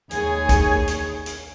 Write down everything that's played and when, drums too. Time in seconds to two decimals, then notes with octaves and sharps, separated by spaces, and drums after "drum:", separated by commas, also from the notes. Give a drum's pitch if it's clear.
0.11 D#2 G#4 C#5, drum: hi-hat
0.49 drum: kick, hi-hat
0.88 drum: hi-hat
1.26 drum: hi-hat